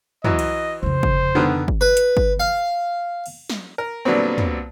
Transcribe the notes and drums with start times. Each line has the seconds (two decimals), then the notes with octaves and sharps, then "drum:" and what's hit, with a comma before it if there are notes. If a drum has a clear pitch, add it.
0.24 E3 F#3 D#5, drum: tom
0.39 drum: cymbal
0.83 F2 C#3 C5
1.03 drum: kick
1.35 D3 D#3 B3
1.68 drum: kick
1.81 B4
1.97 drum: hi-hat
2.17 drum: kick
2.40 F5
3.26 drum: cymbal
3.50 drum: snare
3.78 A#4
4.05 A#2 D3 F#3 G3 B3 C4
4.38 drum: tom